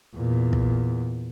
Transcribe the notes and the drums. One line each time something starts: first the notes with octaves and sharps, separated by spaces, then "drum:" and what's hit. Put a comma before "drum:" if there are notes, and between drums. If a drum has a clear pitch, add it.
E2 A#2
drum: kick